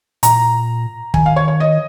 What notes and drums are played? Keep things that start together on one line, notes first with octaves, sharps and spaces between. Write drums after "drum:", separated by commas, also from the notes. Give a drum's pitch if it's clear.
A#2 A#5, drum: hi-hat
D#3 G#5, drum: kick
F5
C#5
C#5
D#5